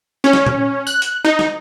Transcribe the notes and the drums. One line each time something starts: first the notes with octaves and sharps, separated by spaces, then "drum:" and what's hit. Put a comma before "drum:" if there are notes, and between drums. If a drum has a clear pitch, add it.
C#4
drum: snare
drum: tom A#2
F#6, drum: tambourine
drum: hi-hat
D#4
drum: snare